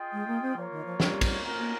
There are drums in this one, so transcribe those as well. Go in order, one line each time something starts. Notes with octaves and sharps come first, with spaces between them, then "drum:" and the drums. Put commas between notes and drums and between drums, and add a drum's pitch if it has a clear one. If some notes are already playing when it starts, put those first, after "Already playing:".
Already playing: F4 G#4 D#5 G5
G#3
A#3
C4
F3 A#3 F4 A#4 C#5
D#3
F3
G3, drum: snare
drum: kick, cymbal
C#4 F4 A#4
A#3